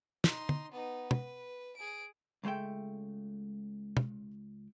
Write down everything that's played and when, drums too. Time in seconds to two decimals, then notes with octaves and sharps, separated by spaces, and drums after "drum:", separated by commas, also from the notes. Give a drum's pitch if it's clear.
0.24 D#4 C6, drum: snare
0.49 drum: tom
0.72 B3 D#4
1.11 B4, drum: tom
1.76 G#4 D7
2.44 C#2 G#3 A3 E5 G5
3.97 drum: tom